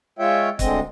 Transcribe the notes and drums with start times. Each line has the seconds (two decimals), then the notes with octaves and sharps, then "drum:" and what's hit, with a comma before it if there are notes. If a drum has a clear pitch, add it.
0.19 G#3 F4 C#5 E5 G5
0.59 D2 D3 G#3 C4 D#5, drum: kick, hi-hat